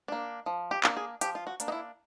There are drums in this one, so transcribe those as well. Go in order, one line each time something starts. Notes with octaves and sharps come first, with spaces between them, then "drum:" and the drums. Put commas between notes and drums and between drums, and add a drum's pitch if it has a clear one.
A#3 D4
F3
G4
A#3 D4, drum: clap
G#4
F3 G4, drum: hi-hat
F4
F#4
A#3 D4, drum: hi-hat
D#4
E4